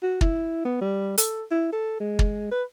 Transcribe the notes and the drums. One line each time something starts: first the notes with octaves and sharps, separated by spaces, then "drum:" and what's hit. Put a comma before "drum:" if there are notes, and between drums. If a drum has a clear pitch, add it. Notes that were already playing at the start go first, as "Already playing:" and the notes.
F#4
E4, drum: kick
B3
G3
A4, drum: hi-hat
E4
A4
G#3
drum: kick
B4